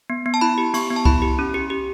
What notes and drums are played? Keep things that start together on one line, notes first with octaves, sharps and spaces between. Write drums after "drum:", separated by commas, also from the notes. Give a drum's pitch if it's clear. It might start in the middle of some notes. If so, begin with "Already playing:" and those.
B3
B3
A5
E4 B5
G4
B3 C#6, drum: cymbal
B3
A5
E4 B5, drum: kick C2
G4
C#4
G4
G4